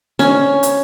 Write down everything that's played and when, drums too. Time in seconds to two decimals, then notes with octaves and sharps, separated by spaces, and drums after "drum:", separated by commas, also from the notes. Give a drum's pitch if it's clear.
0.19 C#4, drum: snare
0.63 drum: hi-hat